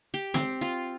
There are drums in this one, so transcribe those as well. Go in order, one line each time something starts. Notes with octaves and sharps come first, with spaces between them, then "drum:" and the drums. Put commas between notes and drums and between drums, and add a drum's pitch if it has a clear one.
G4
C4, drum: snare
F4, drum: hi-hat